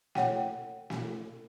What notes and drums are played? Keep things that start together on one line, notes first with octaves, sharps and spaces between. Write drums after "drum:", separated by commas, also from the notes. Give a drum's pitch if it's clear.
C#5 F#5 G5, drum: snare
drum: snare